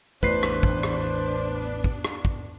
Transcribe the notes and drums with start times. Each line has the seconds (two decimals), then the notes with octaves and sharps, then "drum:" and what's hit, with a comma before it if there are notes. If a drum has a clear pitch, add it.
0.23 A1 E2 A2 B3 D4 B4 C5 C7, drum: kick
0.43 drum: rim click
0.63 drum: kick
0.83 drum: rim click
1.84 drum: kick
2.05 drum: rim click
2.25 drum: kick